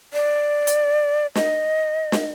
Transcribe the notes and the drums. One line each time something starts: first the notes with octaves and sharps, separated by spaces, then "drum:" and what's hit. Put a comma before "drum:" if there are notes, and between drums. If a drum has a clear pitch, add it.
D5
drum: hi-hat
D#5, drum: snare
drum: snare